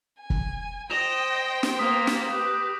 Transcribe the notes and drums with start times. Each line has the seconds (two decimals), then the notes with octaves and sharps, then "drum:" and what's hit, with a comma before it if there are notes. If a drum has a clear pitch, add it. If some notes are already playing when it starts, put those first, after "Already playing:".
0.21 G#5
0.30 drum: kick
0.90 C5 D#5 G5 A#6 E7 F7
1.63 drum: snare
1.79 A#3 B3 D#6 B6
2.07 drum: snare
2.29 G4 B4